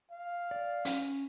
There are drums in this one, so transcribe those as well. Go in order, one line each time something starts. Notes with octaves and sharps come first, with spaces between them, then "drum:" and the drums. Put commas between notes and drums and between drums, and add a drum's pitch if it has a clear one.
F5
D5
C#4, drum: hi-hat